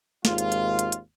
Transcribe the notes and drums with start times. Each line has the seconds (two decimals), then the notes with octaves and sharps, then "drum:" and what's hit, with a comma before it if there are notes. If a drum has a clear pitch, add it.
0.25 G#1 D#2 G#3 F4, drum: snare
0.38 drum: hi-hat
0.52 drum: hi-hat
0.79 drum: hi-hat
0.92 drum: hi-hat